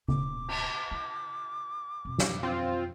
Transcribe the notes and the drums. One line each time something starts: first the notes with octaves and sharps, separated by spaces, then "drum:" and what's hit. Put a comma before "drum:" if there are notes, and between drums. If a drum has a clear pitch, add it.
D1 B2 D6, drum: tom C#3
drum: cymbal
E4
F2 B2
drum: snare
C4 F4